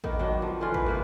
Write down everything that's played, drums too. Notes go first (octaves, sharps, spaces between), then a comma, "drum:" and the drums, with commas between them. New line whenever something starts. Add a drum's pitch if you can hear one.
D#3 A#3 B3 D#4, drum: kick A1
D#3 F#3 D4
F3
D3 E3 C#4 F4
B4, drum: kick A1
C3 A#3 B4